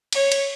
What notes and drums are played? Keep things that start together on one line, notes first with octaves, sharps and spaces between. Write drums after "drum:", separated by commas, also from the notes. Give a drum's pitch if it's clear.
C#5, drum: cymbal
drum: cymbal